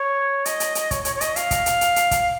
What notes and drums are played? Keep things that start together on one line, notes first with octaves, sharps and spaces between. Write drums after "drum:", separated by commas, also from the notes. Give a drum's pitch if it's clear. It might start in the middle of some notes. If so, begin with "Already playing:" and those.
Already playing: C#5
D#5, drum: hi-hat
drum: hi-hat
drum: hi-hat
C#5, drum: kick, hi-hat
C#5, drum: hi-hat
C#5
D#5, drum: hi-hat
F5, drum: hi-hat
drum: kick, hi-hat
drum: hi-hat
drum: hi-hat
drum: hi-hat
drum: kick, hi-hat